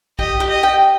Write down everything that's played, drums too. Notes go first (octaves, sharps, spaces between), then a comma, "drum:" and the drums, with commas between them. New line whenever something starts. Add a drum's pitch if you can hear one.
G4 D#5, drum: kick B1
G4
D#5
G5